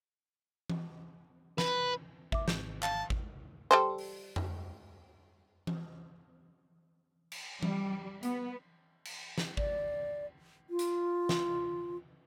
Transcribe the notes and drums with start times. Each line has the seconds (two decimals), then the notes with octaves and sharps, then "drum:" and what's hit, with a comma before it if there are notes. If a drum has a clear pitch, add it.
0.70 drum: tom E3
1.58 B4, drum: snare
2.32 E5 D6, drum: kick G#1
2.48 G#1 G6, drum: snare
2.83 F5 A5, drum: clap
3.10 drum: kick G#1
3.71 G3 A4 C5
3.98 drum: open hi-hat
4.36 drum: tom F2
5.67 drum: tom E3
7.32 drum: cymbal
7.63 G3, drum: tom E3
8.23 B3, drum: hi-hat
9.05 drum: cymbal
9.38 drum: snare
9.57 D5, drum: kick G#1
10.70 F4
10.79 drum: hi-hat
11.29 drum: snare